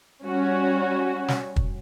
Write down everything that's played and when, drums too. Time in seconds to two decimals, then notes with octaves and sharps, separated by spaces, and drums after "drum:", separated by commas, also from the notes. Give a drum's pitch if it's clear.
0.23 G3 C#4 F#4
1.28 drum: snare
1.56 drum: kick